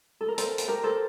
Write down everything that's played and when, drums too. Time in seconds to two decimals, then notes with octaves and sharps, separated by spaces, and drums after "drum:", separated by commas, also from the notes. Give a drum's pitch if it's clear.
0.21 A4
0.28 A#4
0.38 A4 C5, drum: hi-hat
0.58 drum: hi-hat
0.67 G4 A#4
0.83 A4 C5